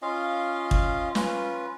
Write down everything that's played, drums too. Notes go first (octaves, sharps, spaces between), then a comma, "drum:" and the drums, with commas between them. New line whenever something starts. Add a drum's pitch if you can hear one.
C#4 F4 D#5 F5
drum: kick
C#4 F4 B4, drum: snare